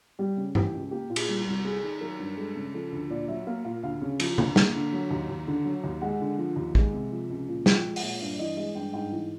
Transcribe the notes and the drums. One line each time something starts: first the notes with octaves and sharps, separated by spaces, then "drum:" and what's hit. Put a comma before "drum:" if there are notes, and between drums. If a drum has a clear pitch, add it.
G3 G4
C#3
E3 G4, drum: tom G2
C#2
A#3 G4
A#2
G#4, drum: cymbal
G3
F#4
C2
A3 G#4
D#3
F#3 A#4
G2
G#3 A4
C#3
F3 A4
D2
A#2 D5
F#3 E5
A#3 F5
A#2 F5
D2 F5
C#3
F3, drum: cymbal
D2, drum: tom C#3
A#3, drum: snare
D3
F#3
D#2
D#2
D3
F#3
D#2
G#3 F#5
D3
F3
D#2
G#3, drum: kick
C3
F3
C#2
A#2
F3, drum: snare
G5
G#3
F#5, drum: open hi-hat
A#2
G2 F5
D5
E3 D#5
G#3 D#5
G2 G5
G#2 G5
E3